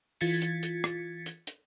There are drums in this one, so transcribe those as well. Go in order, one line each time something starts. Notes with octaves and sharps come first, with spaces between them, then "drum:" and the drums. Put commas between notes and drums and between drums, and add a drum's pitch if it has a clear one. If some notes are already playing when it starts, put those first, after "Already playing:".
E3 F4 G#6 A6 B6 C#7, drum: open hi-hat
drum: hi-hat
drum: hi-hat
drum: rim click
drum: hi-hat
drum: hi-hat